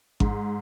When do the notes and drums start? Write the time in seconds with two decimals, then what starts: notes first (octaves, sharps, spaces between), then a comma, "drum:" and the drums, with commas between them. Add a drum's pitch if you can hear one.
0.20 G#2, drum: kick G#1